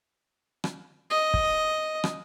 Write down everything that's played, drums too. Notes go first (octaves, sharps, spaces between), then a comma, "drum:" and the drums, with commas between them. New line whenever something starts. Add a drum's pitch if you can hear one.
drum: rim click
D#5
drum: kick
drum: rim click